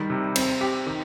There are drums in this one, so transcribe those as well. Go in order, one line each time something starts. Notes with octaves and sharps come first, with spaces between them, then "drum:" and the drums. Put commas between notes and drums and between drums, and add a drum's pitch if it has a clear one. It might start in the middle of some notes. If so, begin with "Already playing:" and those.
Already playing: D#3 G3
C3
C4, drum: cymbal
G4
D#3